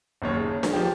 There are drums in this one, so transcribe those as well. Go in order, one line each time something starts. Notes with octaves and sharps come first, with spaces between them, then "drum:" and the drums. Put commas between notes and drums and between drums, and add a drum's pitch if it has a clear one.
F#1 D#2 C#5
C#3
drum: snare D4
F3 G4